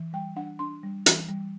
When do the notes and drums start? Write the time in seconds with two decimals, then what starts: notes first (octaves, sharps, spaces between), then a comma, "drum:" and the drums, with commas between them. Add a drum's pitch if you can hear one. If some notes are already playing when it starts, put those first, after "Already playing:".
Already playing: E3
0.13 G3 G5
0.36 D4 F#5
0.59 D4 C6
0.83 G3
1.06 E3, drum: hi-hat
1.29 G3